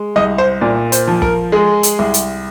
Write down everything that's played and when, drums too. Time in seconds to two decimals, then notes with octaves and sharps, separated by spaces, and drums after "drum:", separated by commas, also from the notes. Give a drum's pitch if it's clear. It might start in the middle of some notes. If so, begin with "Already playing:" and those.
Already playing: G#3
0.16 C2 D#5
0.38 C5
0.61 A#2 D5
0.92 C5, drum: hi-hat
1.08 F3
1.22 A#4, drum: kick
1.52 G#3 G#4
1.83 drum: hi-hat
1.99 C2
2.14 drum: hi-hat